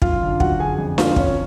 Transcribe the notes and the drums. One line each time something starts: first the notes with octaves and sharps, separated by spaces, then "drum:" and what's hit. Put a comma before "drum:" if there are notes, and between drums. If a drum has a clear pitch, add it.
F#2 F4 F5, drum: kick
D3
F#2 F#4 F#5, drum: kick
D3 G#4 G#5
F2
D3 F4 F5, drum: snare D4
F2 C#4 C#5, drum: kick